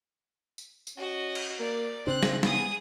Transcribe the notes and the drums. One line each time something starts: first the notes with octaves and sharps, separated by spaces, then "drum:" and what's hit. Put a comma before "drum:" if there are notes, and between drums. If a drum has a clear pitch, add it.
drum: tambourine
drum: tambourine
C#4 F#4 D#5
drum: cymbal
A#3 D5
C#3 C4 D4 F#6
drum: snare
B3 G#4 D#6, drum: snare